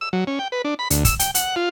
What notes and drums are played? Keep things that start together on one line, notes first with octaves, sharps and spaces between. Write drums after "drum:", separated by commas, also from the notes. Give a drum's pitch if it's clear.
E6
F#3
C#4
G5
B4
D4
B5
D2, drum: hi-hat
E6, drum: kick, hi-hat
G5, drum: hi-hat
F#5, drum: hi-hat
F4